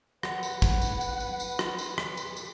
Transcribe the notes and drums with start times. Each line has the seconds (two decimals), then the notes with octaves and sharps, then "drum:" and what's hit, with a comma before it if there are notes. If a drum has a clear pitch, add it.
0.23 B4 F#5, drum: rim click
0.43 drum: tambourine
0.62 drum: kick, tambourine
0.82 drum: tambourine
1.01 drum: tambourine
1.20 drum: tambourine
1.40 drum: tambourine
1.59 drum: rim click
1.78 drum: tambourine
1.98 drum: rim click
2.17 drum: tambourine
2.37 drum: tambourine